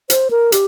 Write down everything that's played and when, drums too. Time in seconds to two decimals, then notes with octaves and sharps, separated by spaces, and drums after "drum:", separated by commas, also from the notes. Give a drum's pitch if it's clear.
0.10 C5, drum: hi-hat
0.31 A#4
0.52 G4, drum: hi-hat